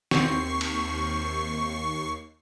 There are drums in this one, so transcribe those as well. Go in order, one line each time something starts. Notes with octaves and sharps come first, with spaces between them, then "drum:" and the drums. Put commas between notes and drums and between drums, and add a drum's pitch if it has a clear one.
D#2 C4 C#6 C7, drum: snare
drum: cymbal